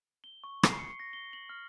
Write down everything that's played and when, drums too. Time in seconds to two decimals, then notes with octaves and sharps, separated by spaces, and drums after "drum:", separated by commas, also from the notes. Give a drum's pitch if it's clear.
0.24 G7
0.44 C#6
0.63 C7, drum: rim click
0.79 C#7
1.00 A#6
1.13 G7
1.33 F#7
1.49 F6